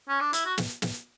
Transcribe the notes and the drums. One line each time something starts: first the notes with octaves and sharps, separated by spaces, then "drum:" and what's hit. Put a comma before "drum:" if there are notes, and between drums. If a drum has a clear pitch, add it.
C#4
D4
E4, drum: hi-hat
F#4
drum: snare
drum: snare